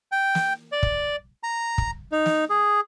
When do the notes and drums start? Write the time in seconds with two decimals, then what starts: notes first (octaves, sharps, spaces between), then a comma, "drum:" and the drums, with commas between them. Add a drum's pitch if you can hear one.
0.12 G5
0.35 drum: snare
0.72 D5
0.83 drum: kick
1.43 A#5
1.78 drum: kick
2.12 D#4
2.26 drum: snare
2.49 G#4